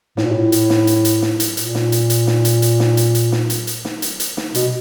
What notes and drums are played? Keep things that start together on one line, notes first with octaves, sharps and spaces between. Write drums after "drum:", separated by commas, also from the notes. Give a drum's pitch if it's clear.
A2, drum: snare
A#2
A2
drum: hi-hat
drum: snare
drum: hi-hat
drum: hi-hat
drum: snare
drum: hi-hat
A#2, drum: hi-hat
drum: snare
drum: hi-hat
drum: hi-hat
drum: snare
drum: hi-hat
drum: hi-hat
drum: snare
drum: hi-hat
drum: hi-hat
drum: snare
drum: hi-hat
drum: hi-hat
drum: snare
drum: hi-hat
drum: hi-hat
drum: snare
B2, drum: hi-hat